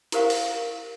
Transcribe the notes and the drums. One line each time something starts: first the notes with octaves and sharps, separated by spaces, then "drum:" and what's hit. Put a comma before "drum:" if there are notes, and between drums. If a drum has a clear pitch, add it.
E4 G4 A#4 C5 F5 F#5, drum: hi-hat
drum: open hi-hat